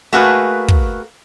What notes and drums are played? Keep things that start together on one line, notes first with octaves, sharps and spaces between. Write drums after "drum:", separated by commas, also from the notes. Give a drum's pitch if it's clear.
A3 A#3 F#4 G#4 B4
drum: kick